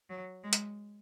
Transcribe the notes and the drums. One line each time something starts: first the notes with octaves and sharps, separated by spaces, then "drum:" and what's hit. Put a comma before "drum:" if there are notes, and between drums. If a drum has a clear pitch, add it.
F#3
G#3
drum: hi-hat